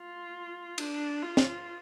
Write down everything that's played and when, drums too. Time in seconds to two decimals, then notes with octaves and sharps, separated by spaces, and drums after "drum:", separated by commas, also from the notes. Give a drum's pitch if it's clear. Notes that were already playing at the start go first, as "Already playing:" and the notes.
Already playing: F4
0.78 D4, drum: cymbal
1.22 F4
1.37 drum: snare